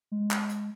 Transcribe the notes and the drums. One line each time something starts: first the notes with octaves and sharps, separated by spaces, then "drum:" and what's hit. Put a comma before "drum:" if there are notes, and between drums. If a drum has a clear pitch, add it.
G#3
drum: clap
drum: hi-hat